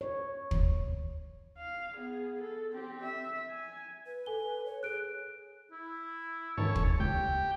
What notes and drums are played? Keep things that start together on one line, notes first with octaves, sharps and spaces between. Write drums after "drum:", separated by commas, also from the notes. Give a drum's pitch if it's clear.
C#5
drum: kick
F5
B3 G#4
A4
C4 G4
E5
G#5
B4
A4 G#5 G7
C#5
G#4 F#6 D7
E4
G#2 D#3 C#4 A4 C#5
drum: kick
C#2 G4 G5